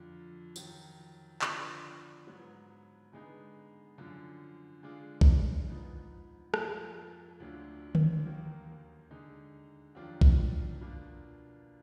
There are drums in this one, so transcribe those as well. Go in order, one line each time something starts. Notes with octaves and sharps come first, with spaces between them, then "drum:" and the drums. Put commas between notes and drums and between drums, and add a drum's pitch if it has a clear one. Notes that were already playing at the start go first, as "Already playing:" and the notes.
Already playing: F2 D3 F3
F2 D#3 F#3, drum: tambourine
D3 F3 B3 D4, drum: clap
G#2 F#3 B3
D3 G#3 B3 D#4
F#2 D3 F3
D3 G#3 D4 F4
drum: kick A#1
G#2 F3 B3 D#4
F2 F3 A#3, drum: rim click
D2 D3 F#3 D4 F4
drum: tom D3
D#2 D#3 F#3 A#3
D3 G#3 D#4
F2 D#3 F#3 D4 F4
drum: kick A#1
B2 A#3 D4 F4